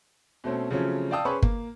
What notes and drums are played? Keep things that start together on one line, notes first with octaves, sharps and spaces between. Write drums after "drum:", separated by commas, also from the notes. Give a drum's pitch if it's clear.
B2 A3 C4 C#4
C#3 F3 F#3 A3 C4 C#4
D5 F5 G5 A5 D#6 E6
C#4 G#4 B4 C5 B5 C#6
A#3, drum: kick G1